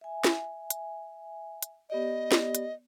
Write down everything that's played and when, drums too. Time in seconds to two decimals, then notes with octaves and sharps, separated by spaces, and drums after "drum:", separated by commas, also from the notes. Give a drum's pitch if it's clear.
0.01 E5 G#5
0.24 drum: snare
0.70 drum: hi-hat
1.63 drum: hi-hat
1.90 B3 G4 D5 D#5
2.32 drum: snare
2.55 drum: hi-hat